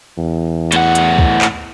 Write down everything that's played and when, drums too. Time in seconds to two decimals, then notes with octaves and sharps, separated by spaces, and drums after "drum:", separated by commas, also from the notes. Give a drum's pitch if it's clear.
0.18 E2
0.72 A2 F#5, drum: hi-hat
0.95 drum: hi-hat
1.18 drum: kick
1.41 drum: clap